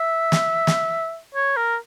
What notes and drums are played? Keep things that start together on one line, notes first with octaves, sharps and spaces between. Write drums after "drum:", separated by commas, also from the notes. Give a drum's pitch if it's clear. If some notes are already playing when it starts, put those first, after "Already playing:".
Already playing: E5
drum: snare
drum: snare
C#5
A#4